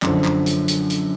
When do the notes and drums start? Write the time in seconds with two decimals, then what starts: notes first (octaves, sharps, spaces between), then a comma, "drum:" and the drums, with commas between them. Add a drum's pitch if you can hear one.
0.02 F#2 D3 F3, drum: clap
0.24 drum: clap
0.46 drum: hi-hat
0.68 drum: hi-hat
0.90 drum: hi-hat